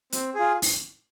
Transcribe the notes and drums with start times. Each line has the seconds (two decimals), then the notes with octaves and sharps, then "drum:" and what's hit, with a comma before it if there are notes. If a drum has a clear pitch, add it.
0.12 C4, drum: hi-hat
0.35 F4 G#4
0.62 drum: open hi-hat